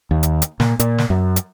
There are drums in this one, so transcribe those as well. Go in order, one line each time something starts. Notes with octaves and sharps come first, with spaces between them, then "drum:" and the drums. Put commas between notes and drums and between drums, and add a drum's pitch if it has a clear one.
D#2
drum: hi-hat
drum: hi-hat
A#2, drum: snare
A#2, drum: hi-hat
drum: snare
F#2
drum: hi-hat